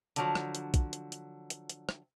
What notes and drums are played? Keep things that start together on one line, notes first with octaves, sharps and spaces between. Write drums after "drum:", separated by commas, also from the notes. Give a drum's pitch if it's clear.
D3 F3 F#3, drum: hi-hat
drum: rim click
drum: hi-hat
drum: kick, hi-hat
drum: hi-hat
drum: hi-hat
drum: hi-hat
drum: hi-hat
drum: rim click